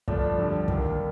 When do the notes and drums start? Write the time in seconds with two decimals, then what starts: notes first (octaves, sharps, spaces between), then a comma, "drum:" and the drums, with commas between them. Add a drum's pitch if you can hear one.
0.08 G2 D3 F3 A3 D4, drum: kick
0.38 F2 D3 G3
0.68 D#2 D#3 G3, drum: kick